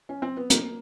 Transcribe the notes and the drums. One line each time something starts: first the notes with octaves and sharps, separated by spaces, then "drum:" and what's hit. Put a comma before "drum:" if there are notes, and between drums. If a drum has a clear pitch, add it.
C#4
C4
B3
A#3, drum: hi-hat